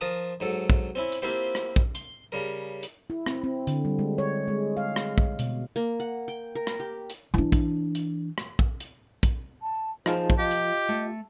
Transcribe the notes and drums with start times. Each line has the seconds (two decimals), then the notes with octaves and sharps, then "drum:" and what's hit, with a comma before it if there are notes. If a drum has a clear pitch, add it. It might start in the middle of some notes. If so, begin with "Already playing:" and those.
0.01 F3 A#4 A5 D#6
0.40 G#2 F#3 A4
0.70 drum: kick
0.95 C4 C#4 E4
1.12 drum: hi-hat
1.22 A#3 C4 E4 F4 G4 C5
1.55 drum: rim click
1.76 drum: kick
1.95 C6, drum: hi-hat
2.32 C#3 G3 A#4
2.83 drum: hi-hat
3.10 E4
3.26 C4, drum: rim click
3.44 C4
3.67 D3, drum: hi-hat
3.85 G3
3.99 G#3
4.18 C#5
4.48 G#3
4.77 F5
4.96 drum: rim click
5.18 drum: kick
5.39 B2, drum: hi-hat
5.76 A#3
6.00 F#5
6.28 G5
6.55 A#4
6.67 drum: rim click
6.80 G4
7.10 drum: hi-hat
7.34 E3 D4
7.52 drum: kick, hi-hat
7.95 drum: hi-hat
8.38 drum: rim click
8.59 drum: kick
8.80 drum: hi-hat
9.23 drum: kick, hi-hat
9.62 A5
10.06 F3 D#4 F4 G#4 A#4 C5 A5, drum: rim click
10.30 drum: kick
10.39 F4 G4 D#5
10.51 drum: hi-hat
10.89 A3